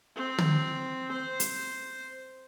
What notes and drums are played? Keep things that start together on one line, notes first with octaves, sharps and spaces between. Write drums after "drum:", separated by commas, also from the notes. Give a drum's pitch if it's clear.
C4
drum: tom
C5
drum: hi-hat